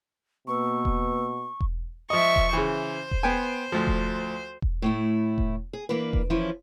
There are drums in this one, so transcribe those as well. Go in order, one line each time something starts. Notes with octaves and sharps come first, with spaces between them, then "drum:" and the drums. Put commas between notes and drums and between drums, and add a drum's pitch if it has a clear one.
B2 A#3 B4 C#6 E6
drum: kick E1
drum: kick E1
F3 D#5 E5 C#6
drum: kick E1
C#3 E3 C5
drum: kick E1
B3 G5 G#5
D2 F3
drum: kick E1
drum: kick E1
A2 A3 E4
drum: kick E1
G#4
E3 A#3 D4 B4
drum: kick E1
E3 F3 C#4 E4 F4